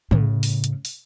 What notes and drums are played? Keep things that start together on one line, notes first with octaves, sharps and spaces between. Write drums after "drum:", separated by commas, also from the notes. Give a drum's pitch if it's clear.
A2 C#3, drum: tom
drum: open hi-hat
drum: hi-hat
drum: open hi-hat